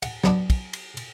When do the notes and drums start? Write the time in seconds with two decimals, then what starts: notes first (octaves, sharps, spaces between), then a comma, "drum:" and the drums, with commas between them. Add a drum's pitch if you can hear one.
0.02 F#5, drum: cymbal
0.24 F#3 B3 D4, drum: snare
0.50 drum: kick, cymbal
0.73 drum: cymbal
0.97 drum: cymbal